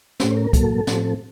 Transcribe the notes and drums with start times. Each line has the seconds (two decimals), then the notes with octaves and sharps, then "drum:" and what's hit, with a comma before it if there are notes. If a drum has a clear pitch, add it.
0.20 A2 A3 C#4 C5, drum: snare
0.37 A#4
0.53 A#2 F#3 A#3 A4, drum: kick, hi-hat
0.87 A2 F3 C4, drum: snare